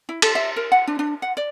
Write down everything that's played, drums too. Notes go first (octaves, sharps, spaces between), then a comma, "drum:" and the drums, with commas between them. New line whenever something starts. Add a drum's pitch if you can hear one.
E4
A4, drum: cymbal
E5
A#4
F#5
D4
D4
F#5
D5